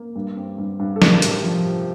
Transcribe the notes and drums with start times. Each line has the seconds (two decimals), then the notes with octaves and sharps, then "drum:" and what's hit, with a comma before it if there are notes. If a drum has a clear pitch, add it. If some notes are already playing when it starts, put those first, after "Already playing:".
Already playing: A#3
0.16 G2
0.37 C4
0.58 G2
0.80 G2
0.96 A4
1.02 A3 A#4, drum: snare
1.22 C3, drum: hi-hat
1.43 F3
1.65 C3